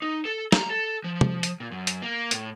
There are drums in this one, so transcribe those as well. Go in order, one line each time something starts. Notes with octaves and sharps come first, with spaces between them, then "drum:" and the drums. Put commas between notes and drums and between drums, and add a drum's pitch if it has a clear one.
D#4
A4
A#5, drum: snare
A4
F3
drum: tom
drum: hi-hat
A#2
F#2
drum: hi-hat
A#3
A2, drum: hi-hat